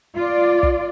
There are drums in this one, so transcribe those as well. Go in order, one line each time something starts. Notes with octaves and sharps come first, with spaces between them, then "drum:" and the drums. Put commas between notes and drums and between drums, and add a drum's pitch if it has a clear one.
F4 D5
drum: kick